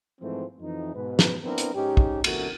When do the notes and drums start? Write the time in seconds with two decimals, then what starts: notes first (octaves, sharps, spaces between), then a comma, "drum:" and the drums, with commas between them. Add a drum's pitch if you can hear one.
0.21 G#2 E3 F3 A3 C4
0.60 F2 E3 D#4
0.95 G#2 B2 B4
1.19 drum: snare
1.43 B3 C4 D4 E4 A#4 B4
1.58 drum: hi-hat
1.75 G#2 C#4 D#4 G4
1.97 drum: kick
2.24 F2 B2 D3 A3 F#4 A#4, drum: cymbal